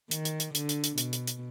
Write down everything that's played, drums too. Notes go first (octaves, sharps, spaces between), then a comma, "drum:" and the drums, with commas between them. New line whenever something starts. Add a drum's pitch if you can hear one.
D#3, drum: hi-hat
drum: hi-hat
drum: hi-hat
D3, drum: hi-hat
drum: hi-hat
drum: hi-hat
B2, drum: hi-hat
drum: hi-hat
drum: hi-hat